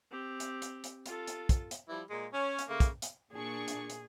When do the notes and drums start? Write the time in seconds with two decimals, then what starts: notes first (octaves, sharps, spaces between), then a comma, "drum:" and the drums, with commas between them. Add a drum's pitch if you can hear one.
0.11 C4 G4
0.40 drum: hi-hat
0.62 drum: hi-hat
0.84 drum: hi-hat
1.06 F4 A4, drum: hi-hat
1.27 drum: hi-hat
1.49 drum: kick, hi-hat
1.71 drum: hi-hat
1.89 F3 G3 E4
2.10 A#2 G#3
2.33 C#4
2.59 drum: hi-hat
2.69 C#3 A3 A#3
2.80 drum: kick, hi-hat
3.02 drum: hi-hat
3.33 A#2 D4 G#4 C#6
3.68 drum: hi-hat
3.90 drum: hi-hat